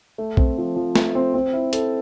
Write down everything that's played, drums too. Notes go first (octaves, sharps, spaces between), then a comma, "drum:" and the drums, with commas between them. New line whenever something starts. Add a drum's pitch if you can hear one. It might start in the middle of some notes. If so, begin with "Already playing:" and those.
A3
C4, drum: kick A#1
F3
F3
A3, drum: snare
C4
C4
E4
A4, drum: hi-hat